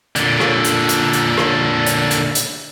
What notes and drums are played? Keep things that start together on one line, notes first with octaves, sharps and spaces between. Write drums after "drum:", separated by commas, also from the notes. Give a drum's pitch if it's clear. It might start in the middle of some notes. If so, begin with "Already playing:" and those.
A#2 D3, drum: hi-hat
drum: rim click
drum: hi-hat
drum: hi-hat
drum: hi-hat
drum: rim click
drum: hi-hat
drum: hi-hat
drum: hi-hat